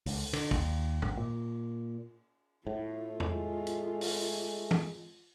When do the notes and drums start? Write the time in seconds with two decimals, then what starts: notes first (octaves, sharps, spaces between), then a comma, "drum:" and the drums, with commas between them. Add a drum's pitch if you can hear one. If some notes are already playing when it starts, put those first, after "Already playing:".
0.06 C#2, drum: open hi-hat
0.33 D3, drum: cymbal
0.51 D#2, drum: kick
1.02 G#1, drum: tom A2
1.17 A#2
2.67 A2 A3 F4
3.20 G#3, drum: tom E2
3.67 drum: hi-hat
4.01 drum: open hi-hat
4.71 drum: tom